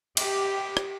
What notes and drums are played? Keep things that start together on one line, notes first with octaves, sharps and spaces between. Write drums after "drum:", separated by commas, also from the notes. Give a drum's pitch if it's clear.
G4, drum: cymbal
drum: rim click